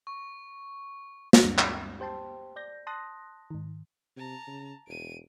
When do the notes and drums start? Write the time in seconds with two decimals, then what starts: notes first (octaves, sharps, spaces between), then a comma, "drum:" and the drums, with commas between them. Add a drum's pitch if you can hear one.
0.07 C#6
1.33 drum: snare
1.42 D2 G2 G3 G#3 C4 D4
1.58 drum: clap
2.00 G4 C5 G5 A5 C6
2.56 D5 G6 A#6
2.87 A5 C6 D#6 F#6 A#6
3.50 G#2 D#3
4.17 C3 A5 A#5
4.47 C#3
4.88 E1 D7 D#7